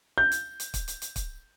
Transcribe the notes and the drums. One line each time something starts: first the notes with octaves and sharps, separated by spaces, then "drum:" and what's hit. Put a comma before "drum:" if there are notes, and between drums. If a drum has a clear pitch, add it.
G6
drum: hi-hat
drum: hi-hat
drum: kick, hi-hat
drum: hi-hat
drum: hi-hat
drum: kick, hi-hat